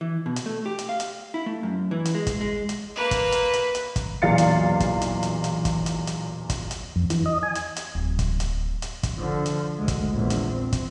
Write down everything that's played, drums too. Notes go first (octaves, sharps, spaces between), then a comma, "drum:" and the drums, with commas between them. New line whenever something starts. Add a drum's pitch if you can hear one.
E3
B2
drum: hi-hat
A3
G4
drum: hi-hat
F5
drum: hi-hat
E4
A3
F#2
E3
drum: hi-hat
G#3
drum: kick, hi-hat
G#3
drum: hi-hat
A#3 B4
drum: kick, hi-hat
drum: hi-hat
drum: hi-hat
drum: hi-hat
drum: kick, hi-hat
B1 E2 A#2 F5 A6 C#7
drum: hi-hat
drum: kick, hi-hat
drum: hi-hat
drum: hi-hat
drum: hi-hat
drum: kick, hi-hat
drum: hi-hat
drum: hi-hat
drum: kick, hi-hat
drum: hi-hat
F2
E3, drum: hi-hat
D#5
G#5
drum: hi-hat
drum: hi-hat
D1
drum: kick, hi-hat
drum: hi-hat
drum: hi-hat
drum: kick, hi-hat
D3 F3
drum: hi-hat
D2 G#3
drum: kick, hi-hat
A#1 E2
drum: hi-hat
C4
drum: kick, hi-hat